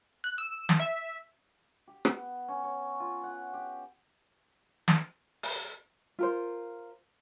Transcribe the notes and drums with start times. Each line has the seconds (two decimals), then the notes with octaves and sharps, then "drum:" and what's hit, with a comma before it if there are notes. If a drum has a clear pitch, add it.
0.24 F#6
0.38 E6
0.69 drum: snare
0.80 E5
1.87 G4
2.05 B3, drum: rim click
2.48 C#4
2.63 C#5
3.00 F4
3.23 F#5
3.53 G4
4.88 drum: snare
5.43 drum: open hi-hat
6.19 F4 A#4 C5